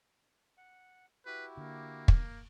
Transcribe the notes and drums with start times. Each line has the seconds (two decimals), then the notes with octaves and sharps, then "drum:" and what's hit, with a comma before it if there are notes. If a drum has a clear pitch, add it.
0.57 F#5
1.26 E4 F#4 G4 B4
1.57 D3 A#3
2.08 drum: kick